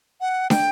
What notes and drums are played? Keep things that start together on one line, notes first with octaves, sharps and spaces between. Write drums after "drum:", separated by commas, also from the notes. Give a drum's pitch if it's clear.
F#5
G5, drum: snare